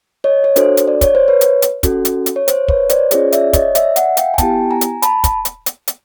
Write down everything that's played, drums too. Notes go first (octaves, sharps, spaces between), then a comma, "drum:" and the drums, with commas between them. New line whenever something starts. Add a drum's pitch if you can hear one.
C#5 D#5
C#5
D4 F#4 A4 C5, drum: hi-hat
drum: hi-hat
D5
C#5, drum: kick, hi-hat
C5
B4 C#5
drum: hi-hat
drum: hi-hat
C#4 F#4 A4, drum: kick, hi-hat
drum: hi-hat
drum: hi-hat
C#5
C5, drum: hi-hat
B4 C#5, drum: kick
C5 D5, drum: hi-hat
C#4 F4 G#4 C#5 D#5, drum: hi-hat
D5 E5, drum: hi-hat
C#5 D#5, drum: kick, hi-hat
D5 E5, drum: hi-hat
E5 F#5, drum: hi-hat
F5 G5, drum: hi-hat
G#5
B3 E4 G4 G5 A5, drum: kick, hi-hat
G#5 A#5
drum: hi-hat
A5 B5, drum: hi-hat
drum: kick, hi-hat
drum: hi-hat
drum: hi-hat
drum: hi-hat